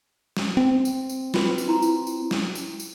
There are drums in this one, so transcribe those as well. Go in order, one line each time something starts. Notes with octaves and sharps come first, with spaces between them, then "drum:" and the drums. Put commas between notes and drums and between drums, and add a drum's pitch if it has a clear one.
drum: snare
C4
drum: tambourine
drum: tambourine
F4 F#4 B4, drum: snare
drum: tambourine
E4 A#5 C6
drum: tambourine
drum: tambourine
drum: snare
drum: tambourine
drum: tambourine